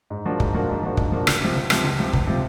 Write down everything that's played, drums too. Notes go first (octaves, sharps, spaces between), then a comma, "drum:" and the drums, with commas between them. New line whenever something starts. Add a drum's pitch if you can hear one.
G#2
F3 A#3 D4 F#4
G#2, drum: kick
F3 A#3 D4 F#4
G#2
F3 A#3 D4 F#4
G#2, drum: kick
F3 A#3 D4 F#4
C#2, drum: rim click
C3 F3
C#2
C3 F3, drum: rim click
C#2
C3 F3
C#2, drum: kick
C3 F3